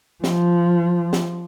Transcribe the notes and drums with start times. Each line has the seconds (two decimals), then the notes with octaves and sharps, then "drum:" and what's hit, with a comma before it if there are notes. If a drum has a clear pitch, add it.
0.24 F3, drum: snare
1.13 drum: snare